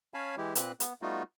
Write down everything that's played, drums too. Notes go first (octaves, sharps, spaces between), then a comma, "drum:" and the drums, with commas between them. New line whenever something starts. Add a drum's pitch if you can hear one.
C#4 C#5 F5 G#5 A5 B5
E3 G#3 E4 G4
A#2 A#3 C4 B4 F#6, drum: hi-hat
B3, drum: hi-hat
G3 A3 B3 D#4 F4 F#4